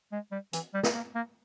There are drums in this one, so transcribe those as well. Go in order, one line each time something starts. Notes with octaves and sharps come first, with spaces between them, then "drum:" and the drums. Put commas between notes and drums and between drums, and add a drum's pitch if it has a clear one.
G#3
G3
E3, drum: hi-hat
G3
drum: snare
A#3
A#3